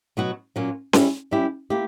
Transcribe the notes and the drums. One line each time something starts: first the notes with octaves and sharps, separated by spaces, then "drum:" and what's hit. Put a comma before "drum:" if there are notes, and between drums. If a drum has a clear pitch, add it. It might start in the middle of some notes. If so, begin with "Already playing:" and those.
B2 F#3 B3 F#4
A#2 F#3 A#3 C#4
G3 C#4 E4, drum: snare C#4
G3 C#4 E4 G4
A#3 E4 G4